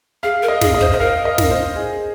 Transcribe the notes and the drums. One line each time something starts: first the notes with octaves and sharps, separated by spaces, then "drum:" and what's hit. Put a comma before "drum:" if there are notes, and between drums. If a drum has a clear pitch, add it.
G#4 F5
A#4
D#5
G#4, drum: snare
D#5
C5, drum: kick
C5 D#5
A#4 F5
D#5
drum: snare
C5
G#4